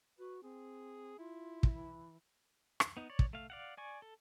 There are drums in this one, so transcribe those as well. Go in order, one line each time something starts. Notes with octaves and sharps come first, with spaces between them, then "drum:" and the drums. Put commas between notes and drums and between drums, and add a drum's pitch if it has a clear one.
F#4 B4
C4 G#4
E4 F4
drum: kick
E3
drum: rim click
B3 D#4
C#5 D5
drum: kick
A3 F5
D5 F5 F#5
D5 G#5 C#6
A4